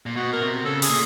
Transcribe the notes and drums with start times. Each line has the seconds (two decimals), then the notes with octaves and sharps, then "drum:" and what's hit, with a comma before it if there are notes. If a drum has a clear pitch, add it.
0.06 A#2
0.16 B2 F#4
0.32 A#4
0.41 C3
0.65 C#3 A4
0.82 G#4, drum: open hi-hat
0.89 A#2